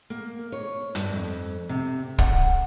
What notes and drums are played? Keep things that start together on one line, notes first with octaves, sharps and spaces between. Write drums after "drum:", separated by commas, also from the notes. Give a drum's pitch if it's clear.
A#3
C#5
G2, drum: hi-hat
F2
C3
F#5, drum: kick